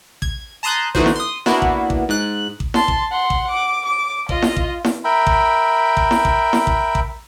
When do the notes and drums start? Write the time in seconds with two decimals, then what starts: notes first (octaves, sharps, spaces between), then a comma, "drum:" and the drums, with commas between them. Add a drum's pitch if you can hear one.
0.22 G#6, drum: kick A1
0.63 A5 A#5 C6 D#6 F#6 G6
0.95 D3 E3 A3 D#4 F#4 C5, drum: kick A1
1.06 drum: snare E4
1.16 C6 D#6
1.46 A#3 B3 D4 E4 F#4, drum: snare E4
1.62 drum: kick A1
1.90 drum: kick A1
2.09 G#2 F#6
2.60 drum: kick A1
2.74 A5 C6, drum: snare E4
2.88 drum: kick A1
3.11 F#5 C6
3.30 drum: kick A1
3.51 D6
3.86 D6
4.29 F4 D#5, drum: kick A1
4.42 drum: snare E4
4.56 drum: kick A1
4.84 drum: snare E4
5.04 A#4 E5 G5 B5
5.27 drum: kick A1
5.97 drum: kick A1
6.11 drum: snare E4
6.25 drum: kick A1
6.53 drum: snare E4
6.67 drum: kick A1
6.95 drum: kick A1